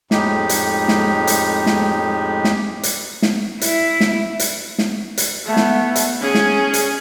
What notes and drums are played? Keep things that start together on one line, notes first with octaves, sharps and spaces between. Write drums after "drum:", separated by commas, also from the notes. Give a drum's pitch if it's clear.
F2 A2 G#3 D#4 G4, drum: snare
drum: hi-hat
drum: snare
drum: hi-hat
drum: snare
drum: snare
drum: hi-hat
drum: snare
E4, drum: hi-hat
drum: snare
drum: hi-hat
drum: snare
drum: hi-hat
A3 B3
drum: snare
drum: hi-hat
C#4 G#4
drum: snare
drum: hi-hat